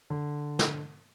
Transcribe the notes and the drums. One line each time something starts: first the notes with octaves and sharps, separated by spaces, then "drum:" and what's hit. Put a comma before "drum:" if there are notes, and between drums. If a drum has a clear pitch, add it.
D3
drum: snare